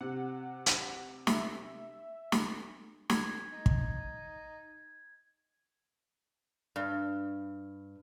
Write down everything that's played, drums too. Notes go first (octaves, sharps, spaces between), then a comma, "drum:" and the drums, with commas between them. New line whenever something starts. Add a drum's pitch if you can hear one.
C3 F#5
drum: hi-hat
E5, drum: snare
drum: snare
G#6, drum: snare
D#4
drum: kick
G2